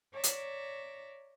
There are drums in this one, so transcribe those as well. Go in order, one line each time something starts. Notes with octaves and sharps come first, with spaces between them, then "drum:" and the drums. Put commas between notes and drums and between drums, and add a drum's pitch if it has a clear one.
C#5 D5 E5 A#5
drum: hi-hat